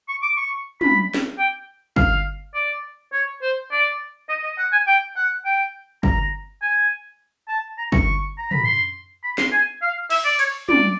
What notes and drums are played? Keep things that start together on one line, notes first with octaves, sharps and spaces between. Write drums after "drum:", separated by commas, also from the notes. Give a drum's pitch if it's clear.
C#6
D6
C#6
B5, drum: tom
drum: snare
G5
F5, drum: kick G1
D5
C#5
C5
D5
D#5
D#5
F#5
G#5
G5
F#5
G5
A#5, drum: kick G1
G#5
A5
A#5
C#6, drum: kick G1
A#5
B5, drum: tom
C6
B5
C6, drum: snare
G#5
F5
E5, drum: cymbal
D5
C#5, drum: hi-hat
D5, drum: tom